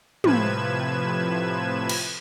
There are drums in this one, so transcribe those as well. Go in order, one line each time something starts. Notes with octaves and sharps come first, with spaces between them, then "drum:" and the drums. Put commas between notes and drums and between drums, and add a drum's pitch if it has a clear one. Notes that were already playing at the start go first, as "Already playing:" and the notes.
A2 C3 F3 B4 G#6 E7, drum: tom
drum: cymbal